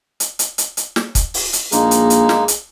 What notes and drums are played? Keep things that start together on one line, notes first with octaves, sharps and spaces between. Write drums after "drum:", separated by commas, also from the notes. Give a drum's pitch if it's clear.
drum: hi-hat
drum: hi-hat
drum: hi-hat
drum: hi-hat
drum: snare
drum: kick, hi-hat
drum: open hi-hat
drum: hi-hat
A#1 G#3 A#3 D#4 G#4, drum: hi-hat
drum: hi-hat
drum: hi-hat
drum: snare
drum: hi-hat